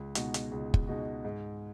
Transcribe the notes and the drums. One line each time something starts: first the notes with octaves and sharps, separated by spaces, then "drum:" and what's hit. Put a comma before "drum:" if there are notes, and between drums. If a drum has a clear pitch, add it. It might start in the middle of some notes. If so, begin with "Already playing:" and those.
Already playing: C#2
B2 G#3 D#4 F#4, drum: hi-hat
drum: hi-hat
C#2
drum: kick
B2 G#3 D#4 F#4
G#2